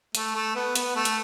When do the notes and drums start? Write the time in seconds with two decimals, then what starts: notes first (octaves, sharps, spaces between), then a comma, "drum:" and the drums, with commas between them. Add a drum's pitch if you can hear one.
0.15 A3, drum: hi-hat
0.35 A3
0.55 B3
0.75 B3, drum: hi-hat
0.95 A3
1.05 drum: hi-hat